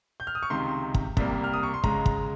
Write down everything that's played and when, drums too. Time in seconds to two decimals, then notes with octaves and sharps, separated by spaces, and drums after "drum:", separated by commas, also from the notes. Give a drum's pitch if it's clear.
0.20 G6
0.27 F6
0.35 D#6
0.43 C#6
0.50 C#2 C3 D#3 C6
0.94 drum: kick
1.17 C2 C3 G3 A#3, drum: kick
1.44 F6
1.53 D#6
1.63 C#6
1.74 C6
1.84 C#2 C#3 G#3 A#5, drum: kick
2.06 drum: kick